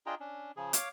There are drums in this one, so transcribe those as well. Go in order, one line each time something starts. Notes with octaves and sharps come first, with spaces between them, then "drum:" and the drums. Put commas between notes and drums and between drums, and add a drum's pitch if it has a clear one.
D4 F4 G#4 D#5 G5 A#5
C#4 D4
C#3 F3 G#4
C#5 F5 D6, drum: hi-hat